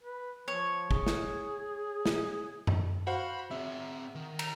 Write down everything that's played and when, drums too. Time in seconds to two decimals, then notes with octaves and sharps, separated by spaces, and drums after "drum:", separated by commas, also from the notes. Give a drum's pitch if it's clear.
0.03 B4
0.48 F3 C#5
0.91 G#4, drum: kick
1.07 drum: snare
2.06 drum: snare
2.67 drum: tom F#2
3.07 F#4 C5 F5 F#5 B5
3.51 C4 G#4 E5
4.15 D#3
4.39 A#5, drum: cymbal